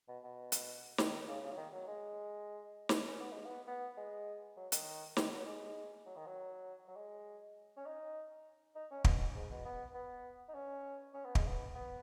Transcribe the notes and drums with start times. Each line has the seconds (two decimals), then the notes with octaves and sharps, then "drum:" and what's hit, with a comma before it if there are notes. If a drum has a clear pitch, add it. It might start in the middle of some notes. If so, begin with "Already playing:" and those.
0.08 B2
0.24 B2
0.52 drum: hi-hat
0.98 D#3, drum: snare
1.28 C#3
1.43 C#3
1.52 F#3
1.57 D#3
1.72 F#3
1.87 G#3
2.89 drum: snare
3.08 C#4
3.20 B3
3.32 G#3
3.45 B3
3.67 B3
3.97 G#3
4.57 F#3
4.72 D#3, drum: hi-hat
5.17 D#3, drum: snare
5.32 F#3
5.46 G#3
6.06 F#3
6.16 D#3
6.26 F#3
6.88 F#3
6.96 G#3
7.77 C#4
7.86 D#4
8.75 D#4
8.91 C#4
9.04 B2, drum: kick
9.35 G#2
9.51 B2
9.65 B3
9.94 B3
10.48 D#4
10.54 C#4
11.14 C#4
11.25 B3
11.35 G#3, drum: kick
11.47 B3
11.75 B3